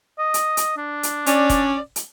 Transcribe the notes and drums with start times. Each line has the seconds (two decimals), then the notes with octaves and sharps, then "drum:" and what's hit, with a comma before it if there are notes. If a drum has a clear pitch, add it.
0.18 D#5
0.34 drum: hi-hat
0.57 drum: hi-hat
0.77 D4
1.03 drum: hi-hat
1.26 C#4 D5, drum: hi-hat
1.49 drum: kick, hi-hat
1.96 drum: hi-hat